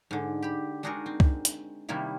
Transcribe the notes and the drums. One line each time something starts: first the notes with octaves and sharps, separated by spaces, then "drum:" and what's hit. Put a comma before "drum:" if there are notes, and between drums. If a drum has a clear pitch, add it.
G#2 D3
G4 B5
G#3 D4 D#4 F#4 G#4 A#4
C4
drum: kick C2
drum: hi-hat
C3 D#3 G3 A#3 E4